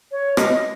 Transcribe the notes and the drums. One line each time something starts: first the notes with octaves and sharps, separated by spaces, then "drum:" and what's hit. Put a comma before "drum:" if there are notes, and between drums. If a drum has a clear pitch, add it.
C#5
D#5, drum: rim click